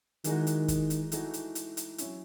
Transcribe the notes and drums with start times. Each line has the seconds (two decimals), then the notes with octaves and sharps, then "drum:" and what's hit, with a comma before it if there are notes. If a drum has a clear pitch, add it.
0.24 D#3 E3 G#3 D#4 F#4, drum: hi-hat
0.47 drum: hi-hat
0.68 drum: kick, hi-hat
0.90 drum: hi-hat
1.12 E3 A3 D#4 F#4, drum: hi-hat
1.34 drum: hi-hat
1.55 drum: hi-hat
1.77 drum: hi-hat
1.98 F#3 C#4 E4, drum: hi-hat